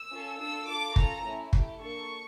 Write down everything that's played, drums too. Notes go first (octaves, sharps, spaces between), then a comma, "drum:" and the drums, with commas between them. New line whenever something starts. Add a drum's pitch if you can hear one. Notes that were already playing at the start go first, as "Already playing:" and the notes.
Already playing: E6
C#4 F4 A4
D4 F4 A4 E6
D4 F4 A4 D6
C#4 F4 A4 A#5, drum: kick
A3 C#4 E4
A3 E4 G4, drum: kick
A#3 D4 A4 C#6